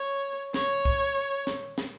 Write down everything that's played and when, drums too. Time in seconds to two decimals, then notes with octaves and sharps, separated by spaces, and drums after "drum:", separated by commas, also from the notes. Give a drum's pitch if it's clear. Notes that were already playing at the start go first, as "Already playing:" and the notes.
Already playing: C#5
0.54 C#5, drum: snare
0.85 drum: kick, tambourine
1.16 drum: tambourine
1.47 drum: snare
1.78 drum: snare